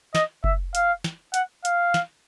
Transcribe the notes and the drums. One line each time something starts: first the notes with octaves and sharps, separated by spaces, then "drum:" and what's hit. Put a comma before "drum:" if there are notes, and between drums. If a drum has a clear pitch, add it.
D#5, drum: snare
E5, drum: kick F#1
F5, drum: hi-hat
drum: snare
F#5, drum: hi-hat
F5, drum: hi-hat
drum: snare